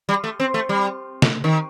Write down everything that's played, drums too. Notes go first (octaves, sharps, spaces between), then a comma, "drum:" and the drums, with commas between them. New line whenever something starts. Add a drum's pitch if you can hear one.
G3
A3
C4
A3
G3
drum: snare
D#3